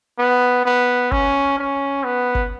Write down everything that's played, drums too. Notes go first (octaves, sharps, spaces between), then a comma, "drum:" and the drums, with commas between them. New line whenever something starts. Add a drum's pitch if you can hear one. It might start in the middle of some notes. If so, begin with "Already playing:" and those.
B3
B3
C#4, drum: kick G1
C#4
B3
drum: kick G1